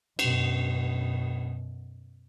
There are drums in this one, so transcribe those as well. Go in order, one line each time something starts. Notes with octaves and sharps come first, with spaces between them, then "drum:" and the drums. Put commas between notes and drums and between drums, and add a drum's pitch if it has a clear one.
F#2 B2, drum: cymbal